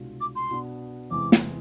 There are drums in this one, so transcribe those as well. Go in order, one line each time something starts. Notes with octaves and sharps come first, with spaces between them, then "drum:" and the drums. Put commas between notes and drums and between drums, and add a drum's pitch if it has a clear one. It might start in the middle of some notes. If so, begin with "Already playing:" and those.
Already playing: C2 B2 G#3 D4 F4
D6
C6
B2 B3 D4
E2 C3 G#3 D6
drum: snare